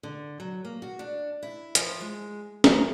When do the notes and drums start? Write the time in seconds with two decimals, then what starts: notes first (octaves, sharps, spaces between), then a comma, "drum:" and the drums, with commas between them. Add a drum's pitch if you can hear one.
0.03 D3
0.40 F#3
0.65 A#3
0.82 F#4
0.99 D4
1.43 E4
1.75 F3, drum: hi-hat
2.01 G#3
2.64 A#4, drum: snare